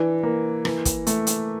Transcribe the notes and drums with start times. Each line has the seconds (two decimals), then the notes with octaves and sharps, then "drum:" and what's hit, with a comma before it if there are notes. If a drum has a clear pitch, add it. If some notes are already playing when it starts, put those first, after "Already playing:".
Already playing: E3 D4
0.23 A#3
0.65 E3, drum: rim click
0.85 drum: kick, hi-hat
1.07 A3, drum: hi-hat
1.27 drum: hi-hat